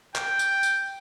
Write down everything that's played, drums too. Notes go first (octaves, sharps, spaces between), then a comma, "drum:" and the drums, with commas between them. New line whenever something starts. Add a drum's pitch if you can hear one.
G5, drum: clap
drum: tambourine
drum: tambourine